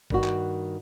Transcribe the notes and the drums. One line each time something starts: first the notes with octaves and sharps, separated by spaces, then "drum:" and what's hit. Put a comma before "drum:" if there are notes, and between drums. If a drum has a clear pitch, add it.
G2 D#3 F#4, drum: kick
drum: clap